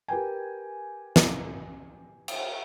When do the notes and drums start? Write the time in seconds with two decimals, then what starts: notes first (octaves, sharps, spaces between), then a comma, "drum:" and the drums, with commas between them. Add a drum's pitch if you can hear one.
0.08 G4 A#4 B4 G5 G#5
1.16 drum: snare
2.28 drum: cymbal